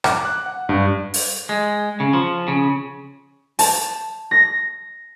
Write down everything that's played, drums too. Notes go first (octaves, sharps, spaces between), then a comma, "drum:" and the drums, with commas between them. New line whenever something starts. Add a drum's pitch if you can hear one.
D6, drum: rim click
F#6
F#5
G2
drum: open hi-hat
G#3
C#3
F3
C#3
A5, drum: open hi-hat
A#6